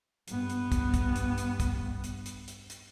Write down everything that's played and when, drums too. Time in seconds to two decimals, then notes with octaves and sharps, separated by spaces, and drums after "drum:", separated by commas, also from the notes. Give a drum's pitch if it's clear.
0.28 G2 B3, drum: hi-hat
0.50 drum: hi-hat
0.72 drum: kick, hi-hat
0.94 drum: kick, hi-hat
1.16 drum: hi-hat
1.38 drum: hi-hat
1.60 drum: kick, hi-hat
2.04 drum: hi-hat
2.26 drum: hi-hat
2.48 drum: hi-hat
2.70 drum: hi-hat